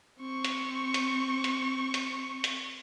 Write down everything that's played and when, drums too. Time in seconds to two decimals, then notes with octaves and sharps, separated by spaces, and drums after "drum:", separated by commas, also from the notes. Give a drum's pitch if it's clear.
0.20 C4 C#6
0.44 drum: hi-hat
0.94 drum: hi-hat
1.44 drum: hi-hat
1.94 drum: hi-hat
2.44 drum: hi-hat